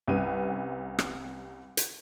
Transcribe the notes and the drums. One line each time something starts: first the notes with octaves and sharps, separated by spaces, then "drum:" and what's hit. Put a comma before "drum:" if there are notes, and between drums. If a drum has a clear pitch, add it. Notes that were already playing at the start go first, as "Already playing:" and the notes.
C2 C3 C#4 B4 F#5 D#7
drum: rim click
drum: hi-hat